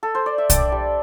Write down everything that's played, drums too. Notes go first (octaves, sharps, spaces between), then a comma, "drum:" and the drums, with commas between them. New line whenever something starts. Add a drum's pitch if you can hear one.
A4
C5
D5
E5
D4 D5 G5, drum: kick, hi-hat
G3